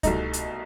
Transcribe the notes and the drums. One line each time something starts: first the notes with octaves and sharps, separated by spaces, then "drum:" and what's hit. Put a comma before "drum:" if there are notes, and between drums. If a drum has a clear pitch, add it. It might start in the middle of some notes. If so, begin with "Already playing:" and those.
C2 B2 A3 D#4, drum: kick C#2, hi-hat
drum: hi-hat